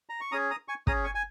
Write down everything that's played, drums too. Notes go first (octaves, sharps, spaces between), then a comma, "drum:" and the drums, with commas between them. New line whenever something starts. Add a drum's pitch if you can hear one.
A#5
C#6
C#4 G#4 A#5 D#6
A#5 D#6
G#5 C#6
C#4 G#4 A#5 D#6, drum: kick
G#5 C#6
G#5